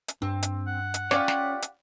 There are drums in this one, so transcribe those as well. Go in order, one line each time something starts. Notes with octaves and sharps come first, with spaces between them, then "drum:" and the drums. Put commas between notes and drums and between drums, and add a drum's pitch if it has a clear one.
drum: hi-hat
G2 C4 D4
drum: hi-hat
F#5
drum: hi-hat
C#4 F4 G4 C#5 D5, drum: snare
drum: snare
drum: hi-hat